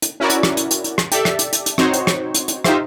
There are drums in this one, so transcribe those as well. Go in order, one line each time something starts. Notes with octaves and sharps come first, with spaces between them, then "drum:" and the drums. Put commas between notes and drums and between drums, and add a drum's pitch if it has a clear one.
drum: hi-hat
C#4 E4 F#4 A#4 D5
drum: hi-hat
drum: rim click
drum: hi-hat
drum: hi-hat
drum: hi-hat
drum: rim click
G4 A4 D5 E5, drum: hi-hat
drum: rim click
drum: hi-hat
drum: hi-hat
drum: hi-hat
C4 D#4 F#4 C5 C#5, drum: rim click
drum: hi-hat
drum: rim click
drum: hi-hat
drum: hi-hat
D#4 F4 G4 C5 E5, drum: rim click